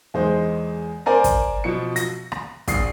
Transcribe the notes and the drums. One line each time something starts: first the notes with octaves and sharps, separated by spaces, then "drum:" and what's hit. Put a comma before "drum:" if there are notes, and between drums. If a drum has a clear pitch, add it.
E2 G#3 D#4 C5
A#4 C5 D5 G#5 A#5
drum: kick, hi-hat
B2 F3 C#7
A#6, drum: hi-hat
drum: rim click
A#1 D#6 C7, drum: kick, hi-hat